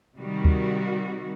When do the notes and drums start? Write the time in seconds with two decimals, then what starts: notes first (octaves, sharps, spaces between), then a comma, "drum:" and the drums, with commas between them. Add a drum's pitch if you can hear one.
0.17 C3 D#3 G3 F#4
0.45 drum: kick